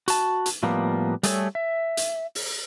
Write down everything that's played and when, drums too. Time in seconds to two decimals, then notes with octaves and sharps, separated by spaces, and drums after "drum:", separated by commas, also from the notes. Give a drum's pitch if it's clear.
0.08 F#4 A5, drum: hi-hat
0.46 drum: hi-hat
0.63 A2 F3 G3 A#3 B3
1.23 G3 A3 G#4 A4 C5 C#5, drum: hi-hat
1.55 E5
1.97 drum: hi-hat
2.35 drum: open hi-hat